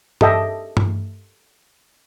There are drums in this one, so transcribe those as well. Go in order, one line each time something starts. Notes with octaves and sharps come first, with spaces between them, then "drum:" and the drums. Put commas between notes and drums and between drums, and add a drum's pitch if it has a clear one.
G4 A4 D#5 E5 G5, drum: tom G2
drum: tom G2